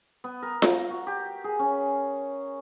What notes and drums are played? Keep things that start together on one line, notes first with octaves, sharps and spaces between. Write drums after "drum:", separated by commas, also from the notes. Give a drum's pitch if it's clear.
B3
A#4
drum: snare F4
F#4
G4
G#4
C#4